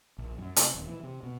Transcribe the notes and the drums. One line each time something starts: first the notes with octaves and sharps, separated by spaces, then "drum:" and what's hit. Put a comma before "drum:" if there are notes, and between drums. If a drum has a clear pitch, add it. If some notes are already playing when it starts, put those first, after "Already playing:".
A#1
F#2
C3, drum: hi-hat
D#1
E3
C3
B2